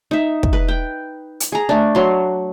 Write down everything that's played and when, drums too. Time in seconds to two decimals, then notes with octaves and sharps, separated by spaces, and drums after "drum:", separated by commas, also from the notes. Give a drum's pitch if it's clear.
0.11 D#4 E5
0.43 drum: kick
0.53 B4
0.68 G5
1.40 drum: hi-hat
1.52 G#4 A#5
1.69 A3 D4
1.95 F#3 C6